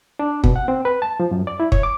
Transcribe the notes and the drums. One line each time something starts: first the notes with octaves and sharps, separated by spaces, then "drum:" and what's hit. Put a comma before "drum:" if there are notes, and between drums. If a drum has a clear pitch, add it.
D4
B2, drum: kick
F#5
C4
B4
A5
F3
F#2
D5
E4
C#5, drum: kick
D6